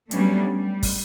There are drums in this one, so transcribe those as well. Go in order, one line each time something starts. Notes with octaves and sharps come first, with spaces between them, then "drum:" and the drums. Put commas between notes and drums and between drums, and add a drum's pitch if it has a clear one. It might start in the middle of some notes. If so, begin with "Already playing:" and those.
F#3 G3 A3 B3 C#4 D4, drum: hi-hat
G3
drum: kick, open hi-hat